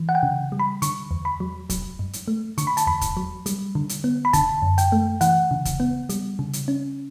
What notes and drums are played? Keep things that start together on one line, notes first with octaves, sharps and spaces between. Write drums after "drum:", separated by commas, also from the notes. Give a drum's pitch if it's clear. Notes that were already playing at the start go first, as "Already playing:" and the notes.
Already playing: E3
F#5
G5
C#3
G3
B5
D3 C#6, drum: hi-hat
E2
B5
F#3
F#3, drum: kick, hi-hat
G2
drum: hi-hat
A3
D3 C#6, drum: hi-hat
B5
A5, drum: hi-hat
E2 B5
drum: kick, hi-hat
F#3
G3, drum: hi-hat
D3
drum: hi-hat
B3
B5
D3 A5, drum: kick, hi-hat
F#2
G5, drum: hi-hat
A3
E3 F#5, drum: hi-hat
C#3
drum: kick, hi-hat
B3
G3, drum: hi-hat
C#3
drum: hi-hat
C#4